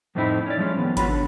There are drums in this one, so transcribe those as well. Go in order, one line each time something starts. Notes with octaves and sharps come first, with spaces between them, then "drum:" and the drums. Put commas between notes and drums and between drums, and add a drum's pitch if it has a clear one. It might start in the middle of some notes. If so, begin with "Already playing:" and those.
F2 A2 A3 C4 D#4 E4
C#4 D5
F3 G#3 C#4
D#2 F3 B3
B3 F4 F#4 C#5 B5, drum: kick G#1, hi-hat
D3